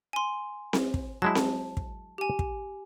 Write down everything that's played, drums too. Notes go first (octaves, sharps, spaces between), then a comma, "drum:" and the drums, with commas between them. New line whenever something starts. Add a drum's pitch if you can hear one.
G#5 C6
drum: snare C4
drum: kick
F#3 G#3 E4 A5
drum: snare C4
drum: kick
G4 G#5
drum: kick